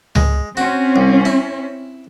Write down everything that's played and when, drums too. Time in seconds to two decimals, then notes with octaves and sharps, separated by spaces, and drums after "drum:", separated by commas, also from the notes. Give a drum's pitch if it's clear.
0.15 G#3, drum: tom C#2
0.57 C4 C#4 F#4
0.96 C2
1.25 E4